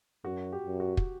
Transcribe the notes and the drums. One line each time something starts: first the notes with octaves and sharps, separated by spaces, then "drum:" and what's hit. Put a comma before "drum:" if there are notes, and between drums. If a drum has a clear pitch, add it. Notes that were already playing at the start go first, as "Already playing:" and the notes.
F#2 F#4
G4
F#2
F#4
drum: kick